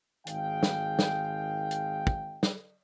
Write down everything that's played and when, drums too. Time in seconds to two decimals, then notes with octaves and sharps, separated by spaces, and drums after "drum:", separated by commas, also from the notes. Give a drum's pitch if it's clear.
0.27 G#1 D#3 G#3 G#4 F5 G5, drum: hi-hat
0.63 drum: snare
0.99 drum: snare
1.71 drum: hi-hat
2.07 drum: kick
2.43 drum: snare